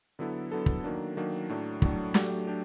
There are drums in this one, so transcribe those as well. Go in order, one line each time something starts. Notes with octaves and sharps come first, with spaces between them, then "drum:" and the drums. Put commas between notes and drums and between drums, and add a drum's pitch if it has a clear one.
D3 F#3 B3 E4 A4
D3 F#3 B3 E4 A4
drum: kick
D#3 F#3 A#3 D4
D#3 F#3 A#3 D4
A2 F#3 A3 D4
A2 F#3 A3 D4, drum: kick
F#3 A3 D4 G4, drum: snare
D4 G4